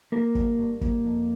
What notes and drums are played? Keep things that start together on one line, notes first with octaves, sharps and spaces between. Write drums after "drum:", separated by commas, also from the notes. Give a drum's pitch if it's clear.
A#3 A#4
G2, drum: kick
G2
A#3, drum: kick
F2